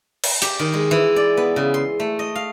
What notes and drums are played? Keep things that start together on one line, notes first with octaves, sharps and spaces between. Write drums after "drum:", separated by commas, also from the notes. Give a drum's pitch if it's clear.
drum: cymbal
G4, drum: hi-hat
D#3
G#3
E3
D5
B3
C#3
C6
A3
D#5
F5